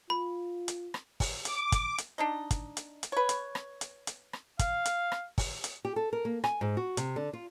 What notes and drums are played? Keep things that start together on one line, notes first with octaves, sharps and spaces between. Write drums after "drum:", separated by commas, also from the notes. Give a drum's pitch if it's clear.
F4 B5
drum: hi-hat
drum: rim click
drum: kick, open hi-hat
D6, drum: hi-hat
drum: kick, hi-hat
drum: hi-hat
D4 D#4 D#5
drum: kick, hi-hat
drum: hi-hat
drum: hi-hat
B4 C#5
drum: hi-hat
drum: rim click
drum: hi-hat
drum: hi-hat
drum: rim click
F5, drum: kick, hi-hat
drum: hi-hat
drum: rim click
drum: kick, open hi-hat
drum: hi-hat
G4
A4
A#4
A#3
G#5, drum: rim click
G#2
F#4
C3, drum: hi-hat
D3
F4